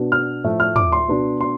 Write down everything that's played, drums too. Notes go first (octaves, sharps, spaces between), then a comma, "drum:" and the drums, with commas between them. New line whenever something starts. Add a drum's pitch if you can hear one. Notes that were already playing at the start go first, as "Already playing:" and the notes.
Already playing: B2 B3 D4
F6
A2 F3 A3
F6
D6, drum: tom
C6
B2 B3 D4
C6